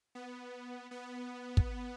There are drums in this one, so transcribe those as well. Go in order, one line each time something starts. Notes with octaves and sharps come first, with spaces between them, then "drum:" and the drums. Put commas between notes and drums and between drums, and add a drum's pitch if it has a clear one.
B3
B3
drum: kick